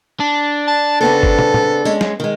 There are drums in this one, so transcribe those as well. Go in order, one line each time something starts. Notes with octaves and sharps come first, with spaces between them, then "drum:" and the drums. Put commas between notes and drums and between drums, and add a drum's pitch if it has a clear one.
D4
A5
C#3 B3 C4 A4
drum: kick G1
drum: tom
drum: tom
G#3 C#4, drum: tambourine
drum: snare
D#3 G#3